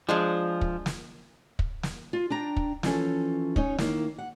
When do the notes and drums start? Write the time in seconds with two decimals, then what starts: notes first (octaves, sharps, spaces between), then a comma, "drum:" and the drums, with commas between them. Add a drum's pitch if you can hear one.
0.09 F3 G#3 D4 G#4
0.61 drum: kick
0.86 drum: snare
1.59 drum: kick
1.83 drum: snare
2.13 F4
2.30 D4 G5 A#5
2.56 drum: kick
2.83 E3 F3 C#4 A4, drum: snare
3.56 C#4 D#4 C#5, drum: kick
3.78 D#3 A#3 E4, drum: snare
4.18 F#5